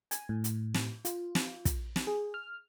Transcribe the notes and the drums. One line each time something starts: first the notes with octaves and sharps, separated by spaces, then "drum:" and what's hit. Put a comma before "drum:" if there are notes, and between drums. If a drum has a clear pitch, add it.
G#5, drum: hi-hat
A2
drum: hi-hat
drum: snare
F4, drum: hi-hat
drum: snare
drum: kick, hi-hat
drum: snare
G#4
F6